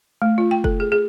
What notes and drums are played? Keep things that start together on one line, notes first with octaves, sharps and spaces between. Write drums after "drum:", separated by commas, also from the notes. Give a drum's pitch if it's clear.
A3
F4
G5
A4, drum: kick F#1
G#4
G#4